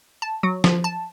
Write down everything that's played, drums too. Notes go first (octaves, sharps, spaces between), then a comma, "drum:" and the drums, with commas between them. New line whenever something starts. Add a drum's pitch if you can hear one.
A5
F#3
F3, drum: snare
A5